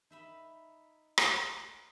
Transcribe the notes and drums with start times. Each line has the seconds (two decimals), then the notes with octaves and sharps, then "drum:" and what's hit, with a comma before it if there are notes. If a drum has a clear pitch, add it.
0.10 D#4 E5 B5
1.18 drum: rim click